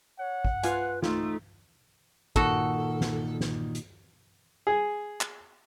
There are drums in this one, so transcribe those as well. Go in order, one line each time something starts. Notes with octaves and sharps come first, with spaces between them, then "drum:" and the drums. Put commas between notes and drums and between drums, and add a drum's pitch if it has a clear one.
C#5 F#5
drum: kick
F4 B4 F5 G#5, drum: hi-hat
A3 D#4 F4, drum: snare
A#2 D#3 F#4 A4, drum: kick
drum: snare
drum: snare
drum: hi-hat
G#4
drum: clap